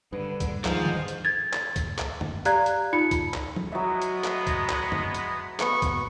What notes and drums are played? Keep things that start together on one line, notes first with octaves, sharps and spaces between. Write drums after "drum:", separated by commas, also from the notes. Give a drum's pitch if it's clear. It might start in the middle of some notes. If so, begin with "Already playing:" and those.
G2 D3 B4
drum: kick, hi-hat
G#2 D#3 F3 F5, drum: clap
drum: tom
drum: hi-hat
G#6 A6
drum: clap
drum: kick, hi-hat
drum: clap
drum: tom
G4 D5 F5 A#5 F#6 G#6, drum: hi-hat
drum: hi-hat
D#4 F4 B5 C#7
drum: kick, hi-hat
drum: clap
drum: tom
F#3 G#3 B3 E5
drum: hi-hat
drum: clap
drum: kick, hi-hat
drum: clap
drum: tom
drum: hi-hat
B3 B4 C#6, drum: clap
drum: kick, hi-hat